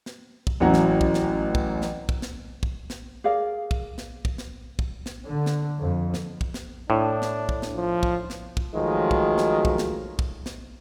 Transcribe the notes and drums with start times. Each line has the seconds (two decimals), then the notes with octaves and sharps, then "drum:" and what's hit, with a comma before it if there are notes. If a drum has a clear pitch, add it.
0.06 drum: snare
0.47 drum: kick
0.60 A1 E3 F#3 C#4 F#5 A#5
0.74 drum: snare
1.01 drum: kick
1.14 drum: snare
1.55 drum: kick
1.82 drum: snare
2.09 drum: kick
2.22 drum: snare
2.63 drum: kick
2.90 drum: snare
3.24 G#4 A#4 D5 F5
3.71 drum: kick
3.98 drum: snare
4.25 drum: kick
4.38 drum: snare
4.79 drum: kick
5.06 drum: snare
5.25 D3
5.46 drum: snare
5.80 F2
6.14 drum: snare
6.41 drum: kick
6.54 drum: snare
6.90 A2 D4
7.22 drum: snare
7.49 drum: kick
7.62 drum: snare
7.75 F3
8.03 drum: kick
8.30 drum: snare
8.57 drum: kick
8.74 D#3 F3 F#3 G#3 A3
9.11 drum: kick
9.38 drum: snare
9.65 drum: kick
9.78 drum: snare
10.19 drum: kick
10.46 drum: snare